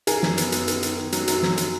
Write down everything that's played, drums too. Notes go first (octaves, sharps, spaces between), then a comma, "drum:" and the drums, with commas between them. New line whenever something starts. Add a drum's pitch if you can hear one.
D#3 G#4 A#4, drum: hi-hat
F#2, drum: snare
B3, drum: hi-hat
F#2, drum: hi-hat
D#3, drum: hi-hat
D#3, drum: hi-hat
D#3
F#3, drum: hi-hat
F#2, drum: hi-hat
F#3, drum: snare
drum: hi-hat